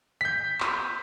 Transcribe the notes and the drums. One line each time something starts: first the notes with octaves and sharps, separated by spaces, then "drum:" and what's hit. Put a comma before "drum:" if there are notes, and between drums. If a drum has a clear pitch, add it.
G6 B6
drum: clap